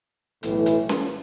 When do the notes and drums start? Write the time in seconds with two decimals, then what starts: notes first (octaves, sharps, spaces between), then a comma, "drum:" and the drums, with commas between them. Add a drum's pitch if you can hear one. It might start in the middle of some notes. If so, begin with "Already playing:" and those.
0.43 B1 A2 E3, drum: hi-hat
0.66 drum: hi-hat
0.89 drum: snare C#4